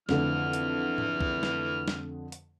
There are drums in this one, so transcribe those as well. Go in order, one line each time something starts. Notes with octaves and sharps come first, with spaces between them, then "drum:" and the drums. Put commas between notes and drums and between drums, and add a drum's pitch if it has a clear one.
F2 D3 E3 A3 F6, drum: snare
drum: hi-hat
drum: tom G#2
drum: kick
drum: snare
drum: snare
drum: hi-hat